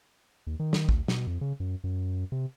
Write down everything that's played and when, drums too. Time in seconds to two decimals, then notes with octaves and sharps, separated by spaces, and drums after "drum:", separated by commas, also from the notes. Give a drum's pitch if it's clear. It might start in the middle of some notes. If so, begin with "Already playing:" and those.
0.47 D#2
0.60 D#3
0.73 drum: snare
0.89 D2, drum: kick
1.08 B2, drum: snare
1.27 F2
1.41 C#3
1.60 F#2
1.84 F#2
2.32 C3